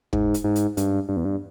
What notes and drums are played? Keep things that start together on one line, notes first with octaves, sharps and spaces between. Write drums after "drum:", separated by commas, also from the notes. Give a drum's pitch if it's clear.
G#2, drum: kick
drum: hi-hat
G#2
drum: hi-hat
G2, drum: hi-hat
G2
E2
G2